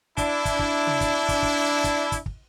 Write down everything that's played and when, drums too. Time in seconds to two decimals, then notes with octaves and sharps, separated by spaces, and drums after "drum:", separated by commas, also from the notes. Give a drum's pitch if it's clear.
0.18 D4 E4, drum: kick, hi-hat
0.45 drum: kick, hi-hat
0.59 drum: kick
0.87 drum: tom C3
1.01 drum: kick, hi-hat
1.29 drum: kick, hi-hat
1.43 drum: kick
1.84 drum: kick, hi-hat
2.12 drum: kick, hi-hat
2.26 drum: kick